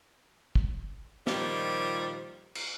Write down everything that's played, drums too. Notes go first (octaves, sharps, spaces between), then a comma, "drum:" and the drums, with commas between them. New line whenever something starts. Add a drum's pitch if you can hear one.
drum: kick
A#2 D#3 F3 G3, drum: snare
drum: cymbal